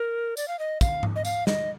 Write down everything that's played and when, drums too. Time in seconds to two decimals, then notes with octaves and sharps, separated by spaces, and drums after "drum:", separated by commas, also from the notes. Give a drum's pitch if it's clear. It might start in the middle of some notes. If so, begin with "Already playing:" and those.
Already playing: A#4
0.37 D5, drum: tambourine
0.48 F5
0.59 D#5
0.81 F5, drum: kick, tambourine
1.03 drum: tom G#2
1.16 D#5
1.25 F5, drum: tambourine
1.47 D#5, drum: snare